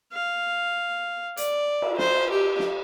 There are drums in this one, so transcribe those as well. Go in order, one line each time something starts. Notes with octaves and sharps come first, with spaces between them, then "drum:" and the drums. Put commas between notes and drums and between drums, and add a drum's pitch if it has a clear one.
F5
D5, drum: hi-hat
drum: cymbal
C5, drum: snare
G4
drum: snare